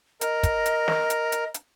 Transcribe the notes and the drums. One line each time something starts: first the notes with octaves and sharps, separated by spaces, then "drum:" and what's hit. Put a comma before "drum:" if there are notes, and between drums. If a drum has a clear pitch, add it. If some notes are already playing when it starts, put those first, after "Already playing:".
A#4 D#5, drum: hi-hat
drum: kick, hi-hat
drum: hi-hat
drum: snare
drum: hi-hat
drum: hi-hat
drum: hi-hat